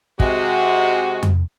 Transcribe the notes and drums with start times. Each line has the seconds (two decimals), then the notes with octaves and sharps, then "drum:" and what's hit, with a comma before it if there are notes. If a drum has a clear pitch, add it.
0.20 C3 G#3 F#4, drum: kick
1.23 drum: tom F2